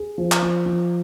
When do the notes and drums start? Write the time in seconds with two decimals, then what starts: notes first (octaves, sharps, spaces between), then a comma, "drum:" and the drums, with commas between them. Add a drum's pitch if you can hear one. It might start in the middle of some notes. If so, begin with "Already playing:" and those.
Already playing: G#4
0.18 F3
0.32 drum: clap
0.42 F3
0.66 F3